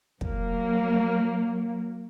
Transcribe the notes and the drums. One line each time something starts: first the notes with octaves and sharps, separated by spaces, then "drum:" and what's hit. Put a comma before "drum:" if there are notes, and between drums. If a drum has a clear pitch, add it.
F#3 A#3, drum: kick